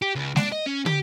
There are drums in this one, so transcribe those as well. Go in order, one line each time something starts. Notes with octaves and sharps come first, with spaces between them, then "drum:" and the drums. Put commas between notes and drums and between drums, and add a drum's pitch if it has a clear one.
G4
C#2
D4, drum: snare G#3
D#5
C#4
G4, drum: tom